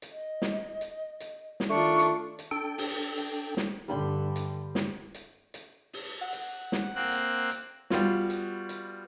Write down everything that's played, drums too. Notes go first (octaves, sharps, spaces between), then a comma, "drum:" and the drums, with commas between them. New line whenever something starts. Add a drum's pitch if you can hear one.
drum: hi-hat
D#5
drum: snare
drum: hi-hat
drum: hi-hat
drum: snare
D#3 A3 D4 F4 C#6
drum: hi-hat
drum: hi-hat
D4 A4 G5
drum: open hi-hat
drum: hi-hat
drum: snare
G2 D3 G3 B5 C6
drum: hi-hat
drum: snare
drum: hi-hat
drum: hi-hat
drum: open hi-hat
F#5
drum: hi-hat
drum: snare
A#3 C4 F#6
drum: hi-hat
drum: hi-hat
G3 B3 F4 F#4, drum: snare
drum: hi-hat
drum: hi-hat